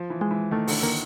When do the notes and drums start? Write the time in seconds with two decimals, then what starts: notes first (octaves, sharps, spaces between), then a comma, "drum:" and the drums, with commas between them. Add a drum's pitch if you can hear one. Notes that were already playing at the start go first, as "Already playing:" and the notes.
Already playing: F3
0.10 E3
0.21 G#3
0.31 E3
0.51 D#3 A3
0.68 D3, drum: open hi-hat
0.83 D#3 A#3